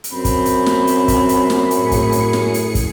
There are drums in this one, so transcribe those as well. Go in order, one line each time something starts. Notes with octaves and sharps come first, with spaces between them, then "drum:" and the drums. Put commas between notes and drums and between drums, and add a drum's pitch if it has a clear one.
drum: hi-hat
F#2 C4 B5
drum: kick, hi-hat
drum: hi-hat
drum: snare
drum: hi-hat
drum: kick, hi-hat
drum: hi-hat
drum: snare
A2 G#4 C#7, drum: hi-hat
drum: kick, hi-hat
drum: hi-hat
drum: snare
drum: hi-hat
drum: kick, hi-hat